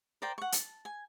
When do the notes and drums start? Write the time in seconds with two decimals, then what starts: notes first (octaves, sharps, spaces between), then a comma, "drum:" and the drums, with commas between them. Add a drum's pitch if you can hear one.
0.22 A#4 C5 D5 G5
0.38 F#5 C#6
0.52 A5, drum: hi-hat
0.85 G#5